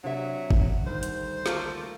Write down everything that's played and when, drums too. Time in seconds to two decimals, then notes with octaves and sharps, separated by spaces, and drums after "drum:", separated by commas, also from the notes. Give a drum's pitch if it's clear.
0.04 C3 F#3 D4 D5 E5
0.51 drum: kick
0.87 D2 D#3 G3 C5
1.03 drum: hi-hat
1.46 A3 A#3 F4, drum: snare